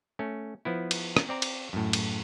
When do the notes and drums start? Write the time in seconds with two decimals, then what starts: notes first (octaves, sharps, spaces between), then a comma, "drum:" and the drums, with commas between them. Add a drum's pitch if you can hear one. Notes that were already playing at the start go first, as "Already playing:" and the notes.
0.19 A3 C#4
0.65 F3 B3 E4
0.91 drum: cymbal
1.17 drum: rim click
1.29 C4 D5 A#5
1.42 drum: cymbal
1.73 F#2 A2
1.93 drum: cymbal